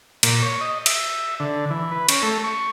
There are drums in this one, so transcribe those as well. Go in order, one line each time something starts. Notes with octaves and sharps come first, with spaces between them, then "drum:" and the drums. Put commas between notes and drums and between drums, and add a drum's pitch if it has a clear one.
A#2, drum: cymbal
C#5
D#5
E5, drum: cymbal
D3
E3
B4
C#4, drum: cymbal
A3
C#6